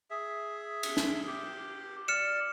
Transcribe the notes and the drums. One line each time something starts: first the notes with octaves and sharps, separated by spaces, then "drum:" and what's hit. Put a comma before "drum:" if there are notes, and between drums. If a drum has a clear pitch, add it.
G#4 E5
drum: cymbal
drum: snare
G4
D5 F6 C#7 E7